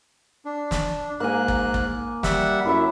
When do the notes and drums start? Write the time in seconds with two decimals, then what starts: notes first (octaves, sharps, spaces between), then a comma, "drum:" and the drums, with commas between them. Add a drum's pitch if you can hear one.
0.45 D4
0.71 drum: snare
1.20 G#2 A#3 G#5 F#6
1.48 drum: kick
1.74 drum: kick
2.23 G3 E5 F#5, drum: snare
2.65 F#2 F#3 E4 E5